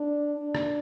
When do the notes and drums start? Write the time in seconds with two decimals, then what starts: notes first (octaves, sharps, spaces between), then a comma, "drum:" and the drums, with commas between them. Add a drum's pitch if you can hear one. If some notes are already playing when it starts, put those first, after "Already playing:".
Already playing: D4
0.38 D4
0.55 drum: rim click